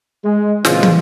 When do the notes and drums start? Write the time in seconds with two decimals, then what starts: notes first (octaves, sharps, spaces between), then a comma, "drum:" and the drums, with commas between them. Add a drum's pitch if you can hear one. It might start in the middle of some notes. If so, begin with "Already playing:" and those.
0.25 G#3
0.65 A#2 C#3 E3 G#3 C4 F4, drum: snare
0.83 drum: tom